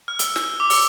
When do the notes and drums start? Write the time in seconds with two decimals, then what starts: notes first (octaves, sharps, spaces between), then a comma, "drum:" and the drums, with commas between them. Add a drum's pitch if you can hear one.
0.08 F6
0.19 E6, drum: hi-hat
0.36 drum: snare
0.60 D6
0.70 E6, drum: open hi-hat